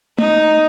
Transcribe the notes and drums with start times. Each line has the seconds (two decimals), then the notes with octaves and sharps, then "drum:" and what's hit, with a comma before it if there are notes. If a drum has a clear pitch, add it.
0.18 D#4, drum: tom A3